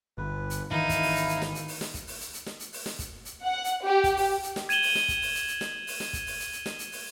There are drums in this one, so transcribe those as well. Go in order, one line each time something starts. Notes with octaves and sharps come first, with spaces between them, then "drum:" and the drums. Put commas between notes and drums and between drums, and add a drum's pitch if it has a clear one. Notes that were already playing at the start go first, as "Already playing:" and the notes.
G1 B4
drum: hi-hat
G#1 D#3 E3 D#4 E4 F5
drum: kick, hi-hat
drum: open hi-hat
drum: hi-hat
drum: hi-hat
drum: snare
drum: hi-hat
drum: open hi-hat
drum: snare
drum: kick, hi-hat
drum: open hi-hat
drum: hi-hat
drum: hi-hat
drum: snare
drum: hi-hat
drum: open hi-hat
drum: snare
drum: kick, hi-hat
drum: hi-hat
F#5
drum: hi-hat
G4
drum: kick, hi-hat
drum: open hi-hat
drum: hi-hat
drum: snare
G#6 D#7 E7 F#7 G7, drum: hi-hat
drum: open hi-hat
drum: snare
drum: kick, hi-hat
drum: open hi-hat
drum: hi-hat
drum: hi-hat
drum: snare
drum: open hi-hat
drum: snare
drum: kick, hi-hat
drum: open hi-hat
drum: hi-hat
drum: hi-hat
drum: snare
drum: hi-hat
drum: open hi-hat